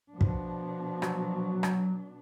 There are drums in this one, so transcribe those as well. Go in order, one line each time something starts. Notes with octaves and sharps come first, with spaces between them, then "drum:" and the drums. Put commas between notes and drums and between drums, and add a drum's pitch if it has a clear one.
B2 F3 D4
drum: kick
F#3, drum: rim click
drum: rim click